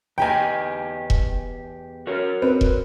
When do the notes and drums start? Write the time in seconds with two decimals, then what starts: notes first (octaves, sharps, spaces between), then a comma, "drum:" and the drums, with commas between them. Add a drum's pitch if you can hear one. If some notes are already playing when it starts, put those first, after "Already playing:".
0.18 E2 G4 D#5 G5 G#5
1.10 drum: kick E1
2.07 F#4 A#4 C#5
2.42 C4 B4
2.61 drum: kick E1